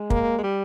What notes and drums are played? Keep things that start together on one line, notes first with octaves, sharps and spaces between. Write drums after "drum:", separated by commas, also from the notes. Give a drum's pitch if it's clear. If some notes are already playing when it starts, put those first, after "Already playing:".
Already playing: G#3
A#3, drum: kick
G#3
G3